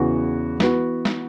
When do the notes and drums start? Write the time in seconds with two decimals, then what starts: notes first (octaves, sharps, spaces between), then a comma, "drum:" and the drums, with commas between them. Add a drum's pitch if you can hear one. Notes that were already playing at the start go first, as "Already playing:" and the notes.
Already playing: E2 C#3 E3 B3 F#4
0.60 E3 B3 F#4 B4, drum: snare
1.05 drum: snare